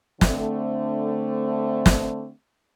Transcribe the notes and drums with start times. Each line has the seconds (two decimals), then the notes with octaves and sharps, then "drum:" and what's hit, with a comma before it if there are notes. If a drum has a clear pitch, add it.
0.21 D3 A3 C4, drum: snare
1.86 drum: snare